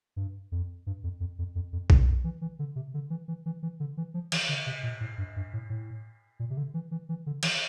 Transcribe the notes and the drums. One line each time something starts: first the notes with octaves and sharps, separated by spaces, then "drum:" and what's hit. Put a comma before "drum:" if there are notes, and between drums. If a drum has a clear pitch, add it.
G2
F2
G2
F2
F2
F2
F2
F2
G2, drum: kick B1
F2
E3
E3
D3
C3
D3
E3
E3
E3
E3
D3
E3
F3
E3, drum: cymbal
D3
C3
A#2
A2
G2
G2
A2
A2
A#2
C3
D3
E3
E3
E3
D3
E3, drum: cymbal